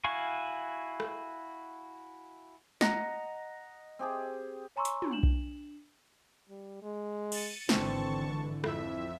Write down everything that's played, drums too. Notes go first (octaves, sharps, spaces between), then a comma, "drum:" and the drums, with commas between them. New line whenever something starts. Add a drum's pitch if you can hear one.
E4 F#4 F5 G#5 C#6
drum: rim click
D#5 F#5 A#5, drum: snare
C4 G4 G#4
C#5 G#5 A#5 C6 C#6 E6
drum: hi-hat
drum: tom
D4 E7 F#7
drum: kick B1
G3
G#3
A6 C#7 D#7, drum: cymbal
G#1 D3 E3 C4 A5 C#6, drum: snare
F2 E4 E5, drum: rim click